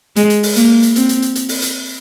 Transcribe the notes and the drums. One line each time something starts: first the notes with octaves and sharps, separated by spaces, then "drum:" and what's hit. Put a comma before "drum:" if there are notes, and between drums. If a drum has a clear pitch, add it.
G#3, drum: hi-hat
drum: hi-hat
drum: open hi-hat
A#3, drum: hi-hat
drum: hi-hat
C4, drum: hi-hat
drum: hi-hat
drum: hi-hat
drum: hi-hat
drum: open hi-hat
drum: hi-hat